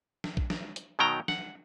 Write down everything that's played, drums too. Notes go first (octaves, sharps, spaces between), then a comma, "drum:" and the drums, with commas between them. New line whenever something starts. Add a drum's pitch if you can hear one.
drum: snare
drum: kick A#1
drum: snare
drum: hi-hat
B2 D#3 F#3 G5 A#5
F#5, drum: snare